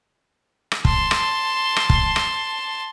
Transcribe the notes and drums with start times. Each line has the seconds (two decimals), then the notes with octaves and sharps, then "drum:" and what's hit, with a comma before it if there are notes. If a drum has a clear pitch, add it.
0.72 drum: rim click
0.85 A5 C6, drum: kick
1.11 drum: rim click
1.76 drum: rim click
1.90 drum: kick
2.16 drum: rim click